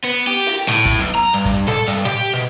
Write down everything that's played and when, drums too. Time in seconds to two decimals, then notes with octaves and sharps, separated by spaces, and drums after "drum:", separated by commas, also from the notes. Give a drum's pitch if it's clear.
0.04 B3
0.27 G4
0.46 drum: open hi-hat
0.68 A2, drum: snare
0.86 drum: kick, hi-hat
0.99 B1
1.15 A#5
1.34 G2
1.45 drum: kick, hi-hat
1.68 A4, drum: snare
1.87 G2, drum: hi-hat
2.05 G4, drum: snare
2.34 B2